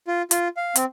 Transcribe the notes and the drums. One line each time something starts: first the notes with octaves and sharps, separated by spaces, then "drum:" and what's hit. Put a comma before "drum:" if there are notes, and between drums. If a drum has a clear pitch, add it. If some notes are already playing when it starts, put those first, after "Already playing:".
F4
F4, drum: hi-hat
F5
C4, drum: hi-hat